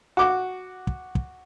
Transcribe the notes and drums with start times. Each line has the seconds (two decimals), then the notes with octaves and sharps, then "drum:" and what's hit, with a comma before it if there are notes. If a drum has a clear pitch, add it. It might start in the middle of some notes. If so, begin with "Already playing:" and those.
0.17 F#4 D6
0.87 drum: kick
1.15 drum: kick